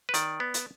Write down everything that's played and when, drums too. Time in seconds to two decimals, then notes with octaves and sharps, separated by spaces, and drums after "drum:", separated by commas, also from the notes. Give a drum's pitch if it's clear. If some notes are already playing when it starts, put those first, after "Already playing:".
0.09 B4
0.14 D#3 D5, drum: hi-hat
0.40 B3
0.54 drum: hi-hat